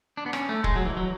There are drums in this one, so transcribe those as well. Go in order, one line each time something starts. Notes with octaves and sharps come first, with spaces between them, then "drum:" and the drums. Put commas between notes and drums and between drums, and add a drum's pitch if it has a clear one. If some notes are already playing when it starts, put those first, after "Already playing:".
D4
B3
C#4, drum: rim click
A3
G#3, drum: kick
F#3
E3
F#3